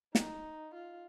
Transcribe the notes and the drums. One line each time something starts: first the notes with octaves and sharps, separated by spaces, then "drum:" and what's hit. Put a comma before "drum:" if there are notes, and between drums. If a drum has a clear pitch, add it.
D#4, drum: snare
F4